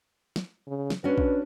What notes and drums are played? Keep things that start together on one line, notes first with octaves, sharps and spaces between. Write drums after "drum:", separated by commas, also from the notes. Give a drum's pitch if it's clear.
drum: snare
C#3
drum: snare
C#4 D4 F#4 B4
drum: kick